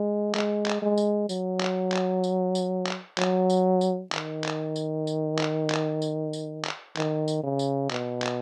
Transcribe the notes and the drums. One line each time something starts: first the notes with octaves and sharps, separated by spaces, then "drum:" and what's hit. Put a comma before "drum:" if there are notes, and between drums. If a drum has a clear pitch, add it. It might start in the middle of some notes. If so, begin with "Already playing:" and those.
Already playing: G#3
G#3, drum: clap
drum: clap
G#3
drum: tambourine
F#3, drum: tambourine
drum: clap
drum: clap
drum: tambourine
drum: tambourine
drum: clap
F#3, drum: clap
drum: tambourine
drum: tambourine
D#3, drum: clap
drum: clap
drum: tambourine
drum: tambourine
drum: clap
drum: clap
drum: tambourine
drum: tambourine
drum: clap
D#3, drum: clap
drum: tambourine
C#3
drum: tambourine
B2, drum: clap
drum: clap